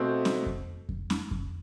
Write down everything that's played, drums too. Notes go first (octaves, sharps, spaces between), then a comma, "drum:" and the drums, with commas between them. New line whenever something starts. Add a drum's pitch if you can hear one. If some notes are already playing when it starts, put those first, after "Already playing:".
Already playing: B2 A3 C4
drum: snare C#4
drum: kick F2
drum: kick F2
drum: snare C#4
drum: kick F2